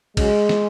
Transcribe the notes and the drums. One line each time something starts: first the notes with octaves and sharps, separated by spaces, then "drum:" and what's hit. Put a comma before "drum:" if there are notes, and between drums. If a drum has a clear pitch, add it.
C#3 F#3 G#3, drum: kick, cymbal
drum: snare